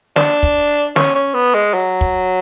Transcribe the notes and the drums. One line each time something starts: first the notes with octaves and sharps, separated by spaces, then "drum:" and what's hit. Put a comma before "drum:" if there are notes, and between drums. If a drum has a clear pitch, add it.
D4, drum: snare
drum: kick
C#4, drum: snare
C#4
B3
G#3
F#3
drum: kick